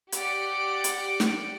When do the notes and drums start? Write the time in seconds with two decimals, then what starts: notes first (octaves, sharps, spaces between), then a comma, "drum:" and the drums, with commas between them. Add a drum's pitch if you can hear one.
0.12 G4 D5 F#5 D7, drum: hi-hat
0.84 drum: hi-hat
1.20 drum: snare